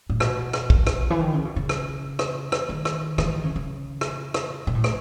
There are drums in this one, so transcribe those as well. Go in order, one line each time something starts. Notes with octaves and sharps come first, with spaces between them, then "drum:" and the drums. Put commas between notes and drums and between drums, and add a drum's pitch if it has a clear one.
A2
B2, drum: rim click
drum: rim click
drum: kick
drum: rim click
E3
D#3
C#3
B2
C#3
drum: rim click
drum: rim click
drum: rim click
D#3
drum: rim click
E3, drum: rim click
D#3
C#3
C#3
drum: rim click
drum: rim click
B2
A2
drum: rim click